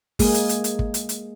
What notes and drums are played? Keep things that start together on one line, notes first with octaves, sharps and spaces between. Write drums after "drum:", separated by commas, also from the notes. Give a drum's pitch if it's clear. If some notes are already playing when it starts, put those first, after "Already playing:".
G#3 A#3 G#4, drum: kick, open hi-hat
drum: hi-hat
drum: hi-hat
drum: hi-hat
drum: kick
drum: hi-hat
drum: hi-hat